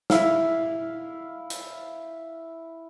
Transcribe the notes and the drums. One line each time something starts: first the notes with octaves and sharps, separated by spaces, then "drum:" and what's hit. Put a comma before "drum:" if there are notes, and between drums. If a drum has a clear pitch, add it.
E4 F5, drum: snare
drum: hi-hat